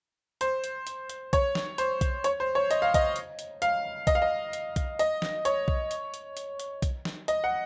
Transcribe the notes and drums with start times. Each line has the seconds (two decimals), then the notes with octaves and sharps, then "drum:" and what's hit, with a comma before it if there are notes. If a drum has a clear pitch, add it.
0.41 C5, drum: hi-hat
0.64 drum: hi-hat
0.87 drum: hi-hat
1.09 drum: hi-hat
1.33 C#5, drum: kick B1, hi-hat
1.55 drum: snare
1.78 C5, drum: hi-hat
2.01 drum: kick B1, hi-hat
2.24 C#5, drum: hi-hat
2.40 C5
2.55 C#5
2.71 D#5, drum: hi-hat
2.82 F5
2.94 D#5, drum: kick B1, hi-hat
3.16 drum: hi-hat
3.39 drum: hi-hat
3.62 F5, drum: hi-hat
4.07 D#5, drum: kick B1, hi-hat
4.15 F5
4.22 D#5
4.53 drum: hi-hat
4.76 drum: kick B1, hi-hat
4.99 D#5, drum: hi-hat
5.22 drum: snare
5.45 C#5, drum: hi-hat
5.68 drum: kick B1
5.91 drum: hi-hat
6.14 drum: hi-hat
6.37 drum: hi-hat
6.60 drum: hi-hat
6.82 drum: kick B1, hi-hat
7.05 drum: snare
7.28 D#5, drum: hi-hat
7.44 F#5